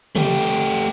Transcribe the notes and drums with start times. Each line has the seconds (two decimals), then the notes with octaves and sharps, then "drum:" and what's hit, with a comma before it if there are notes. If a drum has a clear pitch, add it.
0.16 A3 G4, drum: tom